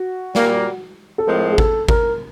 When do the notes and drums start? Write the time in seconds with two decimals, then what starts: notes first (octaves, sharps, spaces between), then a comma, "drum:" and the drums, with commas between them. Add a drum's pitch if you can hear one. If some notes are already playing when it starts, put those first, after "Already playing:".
Already playing: F#4
0.35 A#2 G3 A#3, drum: snare
1.18 A4
1.27 A2 F3 G#3 C4 A#4
1.52 G#4
1.58 A4, drum: kick G#1
1.88 A#4, drum: kick G#1